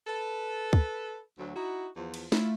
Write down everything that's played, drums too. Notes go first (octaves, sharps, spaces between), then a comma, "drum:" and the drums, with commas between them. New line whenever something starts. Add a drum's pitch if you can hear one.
A4 B4
drum: kick
D2 F#3
D#4 E4 F#4
E2 F3
drum: cymbal
A3 E4 F4, drum: snare